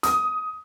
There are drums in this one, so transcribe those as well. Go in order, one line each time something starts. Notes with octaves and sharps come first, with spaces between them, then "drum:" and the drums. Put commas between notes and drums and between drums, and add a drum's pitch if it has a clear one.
D#6, drum: hi-hat